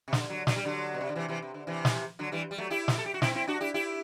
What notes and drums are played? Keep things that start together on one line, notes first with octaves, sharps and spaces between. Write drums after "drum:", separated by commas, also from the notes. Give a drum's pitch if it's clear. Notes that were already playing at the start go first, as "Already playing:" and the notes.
C3
D3, drum: snare
D3 F#3
F#3, drum: snare
G3
D3 F#3
B2
C3
D3
C3 E3
C3 E3
C3
D3
C3 E3
drum: snare
D3 F#3
E3 G3
G3
F#3 A3
E4 G4
drum: snare
A4
G4
F#4
C4 E4, drum: snare
C4 E4
D4 F#4
E4 G4
E4 G4